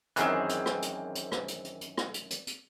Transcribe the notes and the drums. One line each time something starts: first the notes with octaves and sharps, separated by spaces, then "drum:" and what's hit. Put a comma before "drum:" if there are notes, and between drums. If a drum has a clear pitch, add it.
F#2 D#3 E3 C4 G#4 F#6, drum: hi-hat
drum: hi-hat
drum: rim click
drum: hi-hat
drum: hi-hat
drum: rim click
drum: hi-hat
drum: hi-hat
drum: hi-hat
drum: rim click
drum: hi-hat
drum: hi-hat
drum: hi-hat